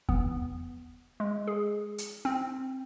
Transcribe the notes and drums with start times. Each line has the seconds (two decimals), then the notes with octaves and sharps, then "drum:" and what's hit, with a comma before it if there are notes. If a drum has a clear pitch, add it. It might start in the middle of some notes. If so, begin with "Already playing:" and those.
0.09 B3, drum: kick E2
1.20 G#3
1.47 G#4
1.98 drum: hi-hat
2.25 C4